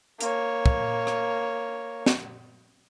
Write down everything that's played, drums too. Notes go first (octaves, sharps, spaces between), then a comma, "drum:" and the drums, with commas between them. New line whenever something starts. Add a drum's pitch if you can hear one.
A#3 C#5, drum: hi-hat
drum: kick
drum: rim click
drum: snare